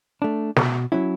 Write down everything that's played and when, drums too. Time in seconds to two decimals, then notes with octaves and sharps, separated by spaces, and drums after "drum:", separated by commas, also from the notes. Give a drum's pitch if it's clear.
0.22 A3 D4
0.56 B2, drum: snare
0.92 F#3 C#4 E4